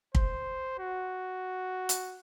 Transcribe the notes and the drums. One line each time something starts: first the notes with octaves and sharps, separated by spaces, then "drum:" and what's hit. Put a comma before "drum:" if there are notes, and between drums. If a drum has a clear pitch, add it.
C5, drum: kick
F#4
drum: hi-hat